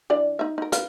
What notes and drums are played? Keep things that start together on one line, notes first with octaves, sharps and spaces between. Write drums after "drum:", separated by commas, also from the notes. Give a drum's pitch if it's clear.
E3 D4 D5
D#4 E5
D#4 A#4
A#4 B4 F5, drum: hi-hat